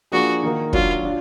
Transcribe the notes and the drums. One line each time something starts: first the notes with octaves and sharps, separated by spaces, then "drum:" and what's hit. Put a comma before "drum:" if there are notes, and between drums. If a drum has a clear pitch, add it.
F3 A#3 D4 F#4 G#4
D#3 A#3 D#4 A#4
F#3 D4 F4 F#4, drum: kick
D4 F4